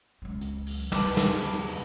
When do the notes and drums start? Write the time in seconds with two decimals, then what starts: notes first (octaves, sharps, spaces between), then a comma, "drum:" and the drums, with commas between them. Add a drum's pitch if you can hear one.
0.22 C#2 F#3
0.41 drum: hi-hat
0.67 drum: open hi-hat
0.92 D#2 G3 B4 A5 D6, drum: snare
1.17 drum: snare
1.42 drum: hi-hat
1.68 drum: open hi-hat